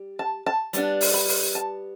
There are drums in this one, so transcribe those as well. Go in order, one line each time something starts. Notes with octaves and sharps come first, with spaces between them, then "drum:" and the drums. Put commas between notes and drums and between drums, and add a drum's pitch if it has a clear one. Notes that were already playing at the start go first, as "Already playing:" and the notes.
Already playing: G3
A5
A5
G3 B3 D4, drum: hi-hat
drum: open hi-hat
B5
drum: open hi-hat
A5